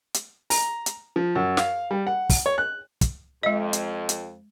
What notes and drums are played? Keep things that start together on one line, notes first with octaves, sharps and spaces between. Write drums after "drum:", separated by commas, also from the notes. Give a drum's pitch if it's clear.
drum: hi-hat
A#5, drum: open hi-hat
drum: hi-hat
F3
F#2
F5, drum: snare
G3
F#5
drum: kick, open hi-hat
C#5
F#6
drum: kick, hi-hat
F2 G#3 D#5
drum: hi-hat
drum: hi-hat